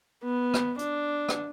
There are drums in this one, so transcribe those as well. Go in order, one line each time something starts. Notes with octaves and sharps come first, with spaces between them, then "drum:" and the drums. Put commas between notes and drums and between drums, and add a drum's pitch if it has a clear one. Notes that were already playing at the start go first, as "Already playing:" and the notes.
B3
drum: rim click
D4, drum: hi-hat
drum: rim click